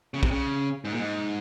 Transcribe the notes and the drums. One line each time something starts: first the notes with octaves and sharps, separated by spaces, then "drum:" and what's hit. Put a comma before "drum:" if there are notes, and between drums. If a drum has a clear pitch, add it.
C#3
C3, drum: kick
C#3
G#2
A#2
G#2